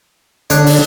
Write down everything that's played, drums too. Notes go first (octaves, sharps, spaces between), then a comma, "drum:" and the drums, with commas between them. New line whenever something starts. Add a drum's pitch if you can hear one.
D3 D4 C#5, drum: hi-hat
drum: open hi-hat